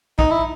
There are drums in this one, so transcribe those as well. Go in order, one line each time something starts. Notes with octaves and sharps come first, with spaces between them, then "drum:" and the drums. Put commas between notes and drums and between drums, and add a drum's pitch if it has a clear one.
D#4, drum: kick
E4